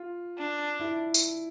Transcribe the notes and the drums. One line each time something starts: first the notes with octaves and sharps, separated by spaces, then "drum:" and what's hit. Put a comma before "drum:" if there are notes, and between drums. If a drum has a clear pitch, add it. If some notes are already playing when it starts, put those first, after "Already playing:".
Already playing: F4
D4
E4
drum: tambourine